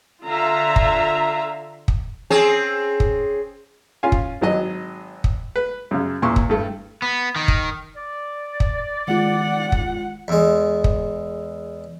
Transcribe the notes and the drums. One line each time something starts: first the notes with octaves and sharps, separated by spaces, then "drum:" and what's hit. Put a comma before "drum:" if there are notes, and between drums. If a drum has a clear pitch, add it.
D3 F4 E5 F5 A#5
drum: kick
drum: kick
C4 C#4 G#4
drum: kick
C#4 F4 F5 G#5
drum: kick
G#1 F#3 D#5
drum: kick
B4
F#2 C#3
E2 A#2 C6 C#6
drum: kick
G2 A3
B3
D#3
drum: kick
D5
drum: kick
D#3 G#3 F4 F#5
drum: kick
E2 G#3
drum: kick